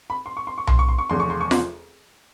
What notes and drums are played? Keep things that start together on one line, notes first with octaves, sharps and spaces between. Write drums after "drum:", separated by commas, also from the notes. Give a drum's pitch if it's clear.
B5
C6
C#6
C6
C#6
C6, drum: tom B1
C#6
C6
C#6
F1 E2 C#3 C6
C#6
C6
C#6
C6, drum: snare F4